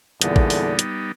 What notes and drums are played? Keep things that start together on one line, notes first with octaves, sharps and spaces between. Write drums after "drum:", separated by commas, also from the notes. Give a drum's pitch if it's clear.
E2 A#2 D3 G3 B3 D#4, drum: hi-hat
drum: kick
drum: open hi-hat
drum: hi-hat